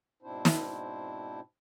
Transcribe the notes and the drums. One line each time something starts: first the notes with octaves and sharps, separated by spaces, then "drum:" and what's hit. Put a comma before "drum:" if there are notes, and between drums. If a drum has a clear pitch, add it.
G#2 B2 C4 D4 E4 C5
drum: snare